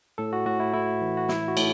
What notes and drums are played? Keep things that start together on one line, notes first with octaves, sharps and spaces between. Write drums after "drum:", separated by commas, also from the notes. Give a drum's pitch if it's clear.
A2 A4
F#4
A2 F#4
E4
A2 E4
E3
F#4
A2 E4, drum: snare
F#4
A2, drum: cymbal